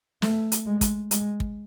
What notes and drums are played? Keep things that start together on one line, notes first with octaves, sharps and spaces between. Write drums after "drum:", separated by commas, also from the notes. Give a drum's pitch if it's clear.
A3, drum: snare
drum: hi-hat
G#3
drum: kick, hi-hat
G#3, drum: hi-hat
drum: kick